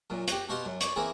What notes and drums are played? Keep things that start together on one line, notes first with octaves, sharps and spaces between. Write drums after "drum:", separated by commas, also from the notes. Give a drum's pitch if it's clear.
F#2 A#2
F#4 G4, drum: hi-hat
B2 F#4 G4 F5 F#5 C6
F#2
C#5 D5, drum: hi-hat
E3 A#3 C4 E4 G#4